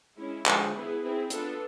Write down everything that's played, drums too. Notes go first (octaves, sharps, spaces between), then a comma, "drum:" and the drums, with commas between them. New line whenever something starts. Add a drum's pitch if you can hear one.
G#3 C#4 E4
D3 F3 G#3, drum: clap
B3 E4 G#4 B4
C4 E4 G#4
B3 D4 F4 A4, drum: hi-hat